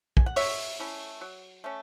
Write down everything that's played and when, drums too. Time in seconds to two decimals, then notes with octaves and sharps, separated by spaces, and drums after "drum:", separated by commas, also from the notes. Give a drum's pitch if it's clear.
0.17 G#5, drum: kick
0.26 F#5
0.36 F#3 C#5 E5, drum: open hi-hat
0.79 A3 C#4 E4
1.21 F#3
1.64 A3 C#4